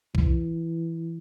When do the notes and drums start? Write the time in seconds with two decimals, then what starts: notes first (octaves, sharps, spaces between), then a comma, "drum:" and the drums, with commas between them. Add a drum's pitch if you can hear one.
0.15 E3, drum: kick B1